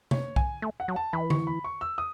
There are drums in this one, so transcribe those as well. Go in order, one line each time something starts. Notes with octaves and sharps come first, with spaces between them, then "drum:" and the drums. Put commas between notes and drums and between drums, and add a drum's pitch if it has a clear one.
C#5, drum: tom
G#5, drum: kick B1
A3
F#5
F#3
A5
E3 B5
C#6, drum: tom D3
B5
C#6
E6
D#6